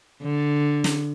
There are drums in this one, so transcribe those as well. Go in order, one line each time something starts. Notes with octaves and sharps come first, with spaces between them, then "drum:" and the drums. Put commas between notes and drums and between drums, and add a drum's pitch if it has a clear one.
D3
drum: snare